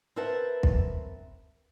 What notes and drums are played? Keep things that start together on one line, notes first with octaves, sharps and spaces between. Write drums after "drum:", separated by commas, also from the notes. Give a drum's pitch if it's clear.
C4 A#4 B4 E5 F#5 A5
drum: kick